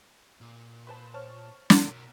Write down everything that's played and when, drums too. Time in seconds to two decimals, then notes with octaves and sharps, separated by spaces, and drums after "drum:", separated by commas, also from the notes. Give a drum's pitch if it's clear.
0.41 A#2
0.87 B4 C5 G#5 A5 C6
1.14 C5 C#5 A5 C#6 F6
1.70 drum: snare
1.84 B1 B2 A#4